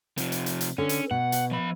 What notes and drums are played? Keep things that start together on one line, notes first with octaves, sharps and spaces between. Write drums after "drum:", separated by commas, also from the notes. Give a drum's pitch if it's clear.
C3 F3, drum: hi-hat
drum: hi-hat
drum: hi-hat
drum: hi-hat
D3 C#4
drum: hi-hat
B2 F#5
drum: hi-hat
F3 B5